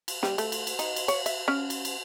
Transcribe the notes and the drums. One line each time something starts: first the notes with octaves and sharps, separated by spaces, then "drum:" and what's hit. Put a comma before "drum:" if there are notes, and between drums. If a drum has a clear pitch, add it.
drum: cymbal
G3, drum: snare
A3, drum: cymbal
drum: cymbal
drum: cymbal
D#4, drum: cymbal
drum: cymbal
C#5, drum: cymbal
E5, drum: cymbal
C#4
drum: cymbal
drum: cymbal